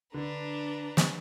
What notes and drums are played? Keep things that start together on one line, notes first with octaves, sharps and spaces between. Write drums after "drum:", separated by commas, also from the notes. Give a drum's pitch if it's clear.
D3 D4 B4 A#5
drum: snare